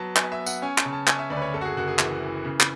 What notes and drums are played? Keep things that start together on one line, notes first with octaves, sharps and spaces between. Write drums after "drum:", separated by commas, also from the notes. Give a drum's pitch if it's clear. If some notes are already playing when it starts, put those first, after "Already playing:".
Already playing: F#3 B3 A5
B3 G#5, drum: clap
E5
B3
F#5, drum: tambourine
C#4 G#5
A5, drum: clap
C#3
A5
C#4 G#5, drum: clap
E5
D2 D5
B4
C#5
F#1 A4
F#4
G#4
F#1 F#4
G#4
E3, drum: clap
E3
C#3
drum: clap